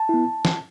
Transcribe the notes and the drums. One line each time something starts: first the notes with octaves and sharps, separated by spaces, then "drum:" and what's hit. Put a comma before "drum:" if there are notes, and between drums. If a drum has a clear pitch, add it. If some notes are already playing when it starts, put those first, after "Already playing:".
Already playing: A5
B3 E4
drum: snare